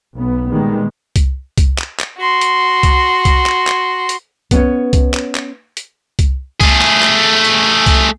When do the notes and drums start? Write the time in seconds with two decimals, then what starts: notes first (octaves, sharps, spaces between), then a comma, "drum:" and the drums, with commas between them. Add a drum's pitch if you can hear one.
0.15 B1 B3
0.51 A#2 D#3 G3 G#3 B3
1.16 drum: kick C2, hi-hat
1.58 drum: kick C2, hi-hat
1.78 drum: clap
1.99 drum: clap
2.17 F#4 C6
2.41 drum: hi-hat
2.83 drum: kick C2, hi-hat
3.25 drum: kick C2, hi-hat
3.46 drum: clap
3.67 drum: clap
4.09 drum: hi-hat
4.51 B3 C#4 C#5, drum: kick C2, hi-hat
4.93 drum: kick C2, hi-hat
5.14 drum: clap
5.35 drum: clap
5.77 drum: hi-hat
6.19 drum: kick C2, hi-hat
6.61 A3 G#4, drum: kick C2, hi-hat
6.82 drum: clap
7.03 drum: clap
7.45 drum: hi-hat
7.86 drum: kick C2, hi-hat